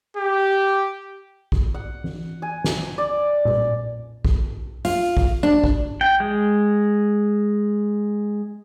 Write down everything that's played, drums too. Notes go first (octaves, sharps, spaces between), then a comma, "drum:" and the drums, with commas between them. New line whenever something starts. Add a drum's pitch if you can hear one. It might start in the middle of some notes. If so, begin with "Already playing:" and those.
G4
drum: kick
F#5
drum: tom E3
G#5
drum: snare
D5
drum: tom A#2
drum: kick
F4, drum: open hi-hat
drum: kick
D4
drum: kick
G5
G#3